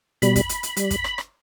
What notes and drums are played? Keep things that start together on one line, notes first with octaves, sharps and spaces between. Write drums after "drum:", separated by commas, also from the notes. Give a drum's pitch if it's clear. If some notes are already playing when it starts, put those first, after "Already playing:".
B2 G3 B5, drum: hi-hat
drum: kick, hi-hat
drum: hi-hat
drum: hi-hat
G3, drum: hi-hat
drum: kick, hi-hat
drum: rim click
drum: rim click